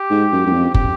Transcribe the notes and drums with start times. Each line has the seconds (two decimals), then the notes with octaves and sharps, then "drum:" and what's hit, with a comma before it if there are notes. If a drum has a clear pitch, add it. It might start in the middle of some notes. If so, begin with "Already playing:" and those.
Already playing: G4
0.10 G#2
0.32 F#2
0.46 F#2
0.53 F2
0.74 G4, drum: kick